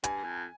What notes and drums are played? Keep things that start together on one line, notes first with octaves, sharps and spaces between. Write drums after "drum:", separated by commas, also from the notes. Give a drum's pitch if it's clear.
G2 G#5, drum: hi-hat
F2